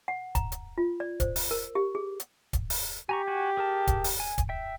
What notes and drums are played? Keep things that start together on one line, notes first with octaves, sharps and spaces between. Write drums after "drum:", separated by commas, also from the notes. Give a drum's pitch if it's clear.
F#5
A#5, drum: kick, hi-hat
drum: hi-hat
F4
D5
C5, drum: kick, hi-hat
drum: open hi-hat
A#4
G4
G#4
drum: hi-hat
drum: kick, hi-hat
drum: open hi-hat
G4 G#5 A#5 C#6
F#4 G#5
G#4 A#4 A5
drum: kick, hi-hat
drum: open hi-hat
G#5
drum: kick, hi-hat
E5 G5